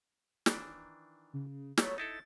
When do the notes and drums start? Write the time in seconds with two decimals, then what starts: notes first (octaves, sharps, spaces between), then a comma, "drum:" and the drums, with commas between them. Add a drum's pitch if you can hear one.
0.46 D#3 E3 D4, drum: snare
1.33 C#3
1.78 F#3 A3 B3 C#5, drum: snare
1.98 D#4 E4 A4 A6